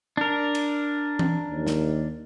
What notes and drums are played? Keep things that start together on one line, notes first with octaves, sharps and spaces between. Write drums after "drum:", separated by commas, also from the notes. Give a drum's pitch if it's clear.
D4 A#4
drum: cymbal
drum: tom E3
D#2
drum: snare